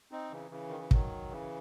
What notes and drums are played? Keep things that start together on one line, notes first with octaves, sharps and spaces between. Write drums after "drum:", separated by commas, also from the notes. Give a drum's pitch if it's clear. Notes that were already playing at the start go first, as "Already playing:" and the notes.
C4 D#4
C#3 E3
C#3 E3
D#3
E3
D#3 F#3, drum: kick
C#3 E3